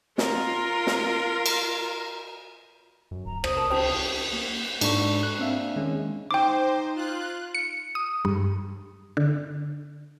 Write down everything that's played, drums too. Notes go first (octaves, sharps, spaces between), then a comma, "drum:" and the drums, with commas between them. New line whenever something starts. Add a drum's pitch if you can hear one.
F4 A#4, drum: snare
drum: snare
drum: cymbal
F#2
D1 A#5
C2 C5 D#6, drum: rim click
A#4 A5
C#2 C5 G5 A5, drum: cymbal
A#3
G#2 D4 A4 C#6, drum: cymbal
F#6
A#3 C4 D4 E5 F5
D#3 G#3 C#4
D#4 C5 G5 D6
F4 F#6
C#7
D#6
G2
D3